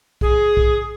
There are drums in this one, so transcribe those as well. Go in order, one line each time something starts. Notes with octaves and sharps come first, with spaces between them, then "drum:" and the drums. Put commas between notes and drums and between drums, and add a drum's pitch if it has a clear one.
G#4, drum: kick B1
drum: kick B1